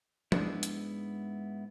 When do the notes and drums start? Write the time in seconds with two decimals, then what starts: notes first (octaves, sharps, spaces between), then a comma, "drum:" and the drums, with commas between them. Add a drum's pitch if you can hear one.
0.32 G#2 G#3 A#3 B3 D4 E4, drum: tom
0.63 drum: hi-hat